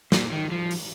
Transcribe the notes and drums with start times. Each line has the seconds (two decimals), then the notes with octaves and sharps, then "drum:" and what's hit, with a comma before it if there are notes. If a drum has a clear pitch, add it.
0.12 A#2, drum: snare
0.32 D#3
0.52 F3
0.71 drum: open hi-hat